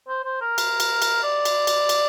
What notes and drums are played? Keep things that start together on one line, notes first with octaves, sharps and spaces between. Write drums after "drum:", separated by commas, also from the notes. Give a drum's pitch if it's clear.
C5
C5
A#4
drum: cymbal
drum: cymbal
drum: cymbal
D5
drum: cymbal
drum: cymbal
drum: cymbal